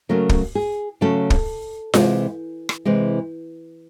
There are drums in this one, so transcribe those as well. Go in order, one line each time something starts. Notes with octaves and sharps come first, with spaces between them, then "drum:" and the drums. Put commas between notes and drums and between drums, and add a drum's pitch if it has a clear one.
C#3 F#3 A3 C#4 A#4
drum: kick
G#4
C#3 F#3 A3 C#4 A4
drum: kick
C3 E3 G#3, drum: snare F4
drum: rim click
C3 E3 G#3